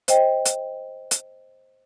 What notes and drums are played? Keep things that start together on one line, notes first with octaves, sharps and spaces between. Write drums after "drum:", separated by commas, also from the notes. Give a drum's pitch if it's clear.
C5 D#5 G5, drum: hi-hat
drum: hi-hat
drum: hi-hat